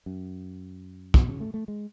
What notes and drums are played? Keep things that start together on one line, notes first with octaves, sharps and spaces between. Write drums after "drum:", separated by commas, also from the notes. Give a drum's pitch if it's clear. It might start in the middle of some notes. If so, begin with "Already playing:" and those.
F#2
B2, drum: kick
C#3
A3
A3
G#3